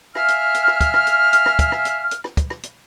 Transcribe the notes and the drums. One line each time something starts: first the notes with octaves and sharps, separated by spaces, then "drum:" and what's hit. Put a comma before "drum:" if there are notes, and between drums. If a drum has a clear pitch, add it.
E5 F5 G#5 F6, drum: rim click
drum: hi-hat
drum: hi-hat
drum: rim click
drum: kick, hi-hat
drum: rim click
drum: hi-hat
drum: hi-hat
drum: rim click
drum: kick, hi-hat
drum: rim click
drum: hi-hat
drum: hi-hat
drum: rim click
drum: kick, hi-hat
drum: rim click
drum: hi-hat